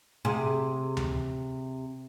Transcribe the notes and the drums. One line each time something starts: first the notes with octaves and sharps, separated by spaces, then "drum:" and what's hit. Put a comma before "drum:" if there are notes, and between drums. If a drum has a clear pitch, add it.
C3 G#4
drum: tom D2